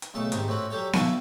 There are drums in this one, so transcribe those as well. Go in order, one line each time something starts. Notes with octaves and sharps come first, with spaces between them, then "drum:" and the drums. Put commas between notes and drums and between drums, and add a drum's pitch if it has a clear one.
drum: hi-hat
B1 C#3 A3 A4 A5
G#2 C3 D#3 G3, drum: hi-hat
A2 C4 C#4 E4 F#4
F#3 G3 G4 A4 C#5
D5 E5 F5 G#5 A5 C#6, drum: snare B3